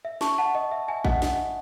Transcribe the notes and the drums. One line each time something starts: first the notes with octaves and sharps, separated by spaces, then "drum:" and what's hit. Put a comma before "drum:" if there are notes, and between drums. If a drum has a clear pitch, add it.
E5
A5 C#6, drum: snare
F#5 A5
D#5
E5
E5 G#5
D#5 F#5, drum: kick A1
D#5 F#5, drum: snare